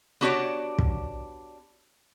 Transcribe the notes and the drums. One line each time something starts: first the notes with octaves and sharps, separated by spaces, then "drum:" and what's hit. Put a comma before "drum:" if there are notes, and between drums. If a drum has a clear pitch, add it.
B3 D4 F#4 G4 C#5 D5
drum: kick